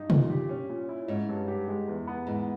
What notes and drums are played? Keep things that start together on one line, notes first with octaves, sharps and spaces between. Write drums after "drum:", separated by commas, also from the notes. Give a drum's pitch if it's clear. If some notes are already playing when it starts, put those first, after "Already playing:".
Already playing: G2 D#4
A#2, drum: tom
G4
C#4
A#2
E4
G#2 C#4
G2
G4
G#3
E2
B3
G#2 E3